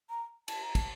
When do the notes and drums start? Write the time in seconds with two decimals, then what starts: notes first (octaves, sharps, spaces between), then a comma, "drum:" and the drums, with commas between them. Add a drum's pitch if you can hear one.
0.09 A#5
0.48 A5, drum: cymbal
0.63 A#5
0.75 A5, drum: kick, cymbal